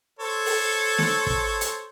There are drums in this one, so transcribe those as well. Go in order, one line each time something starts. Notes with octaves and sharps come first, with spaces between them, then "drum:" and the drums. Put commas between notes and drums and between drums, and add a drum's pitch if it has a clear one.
A4 C5 C#5
drum: open hi-hat
drum: snare
drum: kick
drum: hi-hat